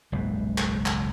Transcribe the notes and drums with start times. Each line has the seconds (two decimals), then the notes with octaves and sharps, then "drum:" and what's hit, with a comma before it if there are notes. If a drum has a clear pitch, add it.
0.12 F#1 C#2 G#2 B2
0.58 drum: clap
0.86 drum: clap